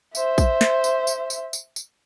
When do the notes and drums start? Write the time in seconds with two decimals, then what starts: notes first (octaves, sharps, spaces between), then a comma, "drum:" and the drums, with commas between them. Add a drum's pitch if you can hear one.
0.15 C5 E5, drum: tambourine
0.38 drum: kick, tambourine
0.61 drum: snare
0.84 drum: tambourine
1.07 drum: tambourine
1.30 drum: tambourine
1.53 drum: tambourine
1.76 drum: tambourine